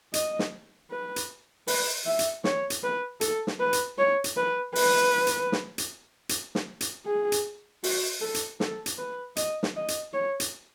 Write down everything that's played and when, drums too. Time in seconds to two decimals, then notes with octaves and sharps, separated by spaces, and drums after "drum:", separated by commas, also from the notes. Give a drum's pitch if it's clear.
0.14 D#5, drum: hi-hat
0.39 drum: snare
0.91 B4
1.16 drum: hi-hat
1.68 B4, drum: open hi-hat
2.06 E5
2.19 drum: hi-hat
2.44 C#5, drum: snare
2.70 drum: hi-hat
2.84 B4
3.21 A4, drum: hi-hat
3.47 drum: snare
3.60 B4
3.73 drum: hi-hat
3.99 C#5
4.24 drum: hi-hat
4.37 B4
4.75 B4, drum: open hi-hat
5.27 drum: hi-hat
5.52 drum: snare
5.78 drum: hi-hat
6.29 drum: hi-hat
6.55 drum: snare
6.81 drum: hi-hat
7.06 G#4
7.32 drum: hi-hat
7.84 F#4, drum: open hi-hat
8.21 A4
8.34 drum: hi-hat
8.60 A4, drum: snare
8.86 drum: hi-hat
8.98 B4
9.36 D#5, drum: hi-hat
9.63 drum: snare
9.76 D#5
9.88 drum: hi-hat
10.13 C#5
10.40 drum: hi-hat